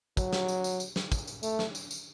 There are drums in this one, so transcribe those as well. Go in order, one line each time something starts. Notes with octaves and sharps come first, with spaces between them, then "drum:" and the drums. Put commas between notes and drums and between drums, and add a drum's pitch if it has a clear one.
F#3, drum: kick, tambourine
drum: snare
drum: tambourine
drum: tambourine
drum: tambourine
drum: snare
drum: kick, tambourine
drum: tambourine
A3, drum: tambourine
drum: snare
drum: tambourine
drum: tambourine